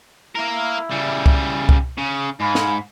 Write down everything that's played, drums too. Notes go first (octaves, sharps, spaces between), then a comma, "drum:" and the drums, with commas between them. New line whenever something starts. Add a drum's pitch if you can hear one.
A#3 E4 A#4
C#3 G3
drum: kick C2
drum: kick C2
C#3
G#2 F5 G#5 B5
drum: snare